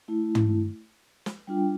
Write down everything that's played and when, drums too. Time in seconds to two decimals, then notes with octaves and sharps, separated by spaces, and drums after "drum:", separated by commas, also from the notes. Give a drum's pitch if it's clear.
0.08 A3 E4
0.35 drum: tom
1.26 drum: snare
1.47 G3 D4 F4 G5